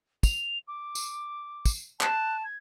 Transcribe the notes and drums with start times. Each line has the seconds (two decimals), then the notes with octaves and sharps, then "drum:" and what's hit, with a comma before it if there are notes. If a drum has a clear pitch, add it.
0.23 F7, drum: kick, tambourine
0.67 D6
0.95 drum: tambourine
1.65 drum: kick, tambourine
2.01 A5 F#6, drum: clap
2.44 G#6